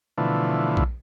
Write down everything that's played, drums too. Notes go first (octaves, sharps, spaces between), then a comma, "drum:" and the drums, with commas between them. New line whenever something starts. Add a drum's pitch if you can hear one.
B2 D3 E3 F3 A3
drum: kick A#1